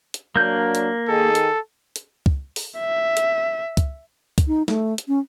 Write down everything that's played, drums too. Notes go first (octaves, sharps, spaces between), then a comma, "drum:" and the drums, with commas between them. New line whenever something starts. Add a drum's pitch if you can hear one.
drum: hi-hat
F#3 A#3 D4 G6
drum: hi-hat
D#3 G#4 A4
drum: hi-hat
drum: hi-hat
drum: kick
drum: open hi-hat
E5
drum: hi-hat
drum: kick, hi-hat
drum: kick, hi-hat
D#4
A3, drum: snare
drum: hi-hat
C#4